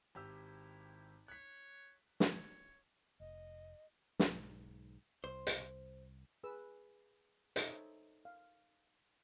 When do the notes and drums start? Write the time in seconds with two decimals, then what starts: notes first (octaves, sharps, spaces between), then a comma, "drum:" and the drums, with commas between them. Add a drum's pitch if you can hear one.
0.15 G#1 E4 G4 E6
1.28 C#5 F#6 B6
2.20 C#5, drum: snare
3.20 F1 D#5
4.19 B1 G#2, drum: snare
5.24 C2 C5
5.47 drum: hi-hat
6.44 G#4 B4 E6
7.56 D#4 A4 C5 C#5 D#5 E5, drum: hi-hat
8.25 F5